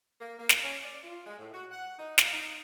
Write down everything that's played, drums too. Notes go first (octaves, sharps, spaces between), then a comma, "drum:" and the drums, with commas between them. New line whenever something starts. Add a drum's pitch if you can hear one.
A#3
A#3
drum: snare
C#4
D5
F4
G#3
A2
F#4
F#5
D#4
F5, drum: snare
D#4